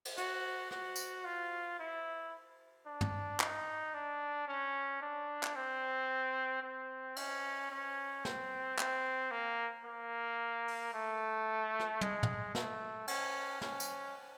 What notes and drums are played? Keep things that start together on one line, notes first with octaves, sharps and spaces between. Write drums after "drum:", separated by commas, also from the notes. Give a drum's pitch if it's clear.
drum: cymbal
F#4, drum: hi-hat
F#4, drum: rim click
drum: tambourine
F4
E4
D4
drum: tom
D#4, drum: clap
D4
C#4
D4
drum: clap
C4
C4
C#4, drum: cymbal
C#4
C4, drum: snare
C4, drum: clap
A#3
A#3
drum: open hi-hat
A3
drum: rim click
G#3, drum: tom
drum: tom
A3, drum: snare
C#4, drum: cymbal
C#4, drum: snare
drum: tambourine